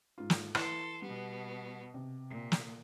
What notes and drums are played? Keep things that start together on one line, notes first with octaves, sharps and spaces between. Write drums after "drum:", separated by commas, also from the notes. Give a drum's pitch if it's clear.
G#2 F4
drum: snare
E3 A4 B4 C6, drum: rim click
B2 G3 B3
C3
A#2
drum: snare